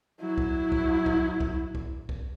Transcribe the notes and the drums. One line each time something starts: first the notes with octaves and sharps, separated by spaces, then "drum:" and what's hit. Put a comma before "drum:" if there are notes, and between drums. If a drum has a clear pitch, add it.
F#3 E4
drum: kick B1
drum: kick B1
drum: kick B1
drum: kick B1
drum: kick B1
drum: kick B1